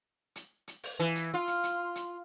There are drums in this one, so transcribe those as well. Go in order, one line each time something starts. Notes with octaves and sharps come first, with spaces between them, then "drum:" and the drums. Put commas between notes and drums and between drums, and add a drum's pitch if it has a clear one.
drum: hi-hat
drum: hi-hat
drum: open hi-hat
E3, drum: hi-hat
drum: hi-hat
F4
drum: hi-hat
drum: hi-hat
drum: hi-hat